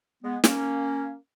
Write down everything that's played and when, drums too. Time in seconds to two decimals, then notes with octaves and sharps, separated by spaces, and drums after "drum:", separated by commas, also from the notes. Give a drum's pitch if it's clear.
0.23 G#3 B3
0.44 A#3 C#4, drum: snare